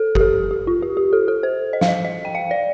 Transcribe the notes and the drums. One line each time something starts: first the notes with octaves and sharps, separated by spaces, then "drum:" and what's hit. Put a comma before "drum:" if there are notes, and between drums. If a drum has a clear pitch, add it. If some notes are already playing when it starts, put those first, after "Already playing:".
Already playing: A4
G4, drum: kick G1
A4
G4
F4
G4
G4
A4
A4
C5
D#5
F5, drum: snare
D#5
D#5
G5
F5
D5